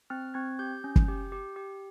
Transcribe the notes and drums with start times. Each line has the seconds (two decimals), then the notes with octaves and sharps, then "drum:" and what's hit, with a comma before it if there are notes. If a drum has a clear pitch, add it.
0.10 C4 F6
0.34 C4 G#6
0.59 G4 G6
0.84 C#4
0.96 drum: kick
1.08 G4
1.32 G4
1.56 G4